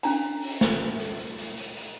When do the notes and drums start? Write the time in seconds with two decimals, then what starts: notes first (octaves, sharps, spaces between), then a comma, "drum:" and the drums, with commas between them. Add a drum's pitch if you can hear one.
0.03 C#4 D4 A#5, drum: hi-hat
0.42 drum: open hi-hat
0.61 drum: snare
0.80 drum: hi-hat
1.00 drum: hi-hat
1.19 drum: hi-hat
1.38 drum: hi-hat
1.57 drum: hi-hat
1.77 drum: hi-hat